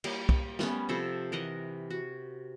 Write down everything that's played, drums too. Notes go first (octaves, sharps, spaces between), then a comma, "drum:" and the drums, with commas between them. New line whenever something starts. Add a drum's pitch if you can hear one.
G3 A#3 G4, drum: cymbal
drum: kick
G3 B3 C#4, drum: snare
C3 F3 A4 C5
E3 A#4 D#5 F#5
F#4